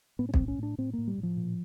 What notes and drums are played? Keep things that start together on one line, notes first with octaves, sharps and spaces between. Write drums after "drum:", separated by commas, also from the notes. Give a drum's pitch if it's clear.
A2 B3
C#4
C4, drum: kick B1
A2
C#4
A2 D4
A2 C4
A2 A#3
G3
A2
F3
A#2